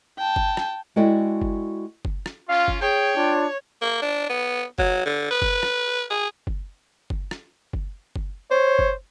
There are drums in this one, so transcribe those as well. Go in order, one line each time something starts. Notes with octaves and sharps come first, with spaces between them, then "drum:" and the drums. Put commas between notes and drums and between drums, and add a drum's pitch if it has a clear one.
G5 A5
drum: kick F#1
drum: rim click
G#3 E4 F#4 A4 D5 G5
drum: kick F#1
drum: kick F#1
drum: rim click
C#4 F4 F5
drum: kick F#1
G#4 C#5 G5
D4 F4
A#3
D4
B3
F#3, drum: kick F#1
D3
B4
drum: kick F#1
drum: rim click
G#4
drum: kick F#1
drum: kick F#1
drum: rim click
drum: kick F#1
drum: kick F#1
C5 C#5
drum: kick F#1